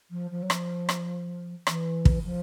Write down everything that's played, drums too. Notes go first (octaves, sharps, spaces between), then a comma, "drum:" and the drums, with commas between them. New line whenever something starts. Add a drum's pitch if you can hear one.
F3
F3
F#3
F3, drum: rim click
drum: rim click
E3, drum: rim click
drum: kick
F3